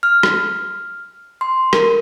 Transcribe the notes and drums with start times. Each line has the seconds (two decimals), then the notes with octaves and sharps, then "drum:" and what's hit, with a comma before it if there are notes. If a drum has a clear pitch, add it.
0.03 F6
0.23 drum: rim click
1.41 C6
1.73 A#4, drum: rim click